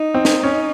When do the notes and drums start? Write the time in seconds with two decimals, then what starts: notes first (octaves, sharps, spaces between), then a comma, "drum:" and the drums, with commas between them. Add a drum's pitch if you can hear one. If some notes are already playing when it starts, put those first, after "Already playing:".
Already playing: D#4
0.14 C4
0.25 drum: snare
0.43 C#4